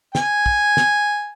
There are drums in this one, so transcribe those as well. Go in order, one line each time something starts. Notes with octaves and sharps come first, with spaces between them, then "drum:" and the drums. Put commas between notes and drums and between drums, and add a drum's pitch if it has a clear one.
G#5, drum: snare
drum: kick
drum: snare